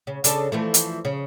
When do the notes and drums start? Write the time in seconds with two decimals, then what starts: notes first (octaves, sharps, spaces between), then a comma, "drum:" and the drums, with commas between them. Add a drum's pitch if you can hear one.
0.07 C#3
0.24 C#3 D4 A4, drum: hi-hat
0.52 E3 F3 A3
0.74 drum: hi-hat
1.05 C#3